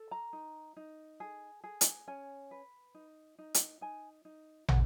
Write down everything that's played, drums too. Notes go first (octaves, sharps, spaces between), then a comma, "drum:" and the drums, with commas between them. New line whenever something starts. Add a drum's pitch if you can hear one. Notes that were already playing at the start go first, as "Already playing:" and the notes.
Already playing: A4
A#5
D#4
D#4
G#4
G#4
drum: hi-hat
C#4 G#5
B4
D#4
D#4
drum: hi-hat
D#4 G#5
D#4
C#4 F#5, drum: tom